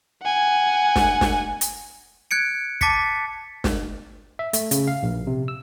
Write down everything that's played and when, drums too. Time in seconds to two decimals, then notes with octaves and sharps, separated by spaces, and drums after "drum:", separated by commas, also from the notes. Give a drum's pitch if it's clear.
0.23 F#5 G#5
0.96 drum: snare
1.21 drum: snare
1.61 drum: hi-hat
2.31 F#6 G#6 C#7 D7
2.81 A5 D6 A6 B6 C#7, drum: kick
3.64 drum: snare
4.39 E5
4.53 A3, drum: hi-hat
4.71 C#3, drum: hi-hat
4.87 F5
5.03 A#1
5.27 C3
5.48 E6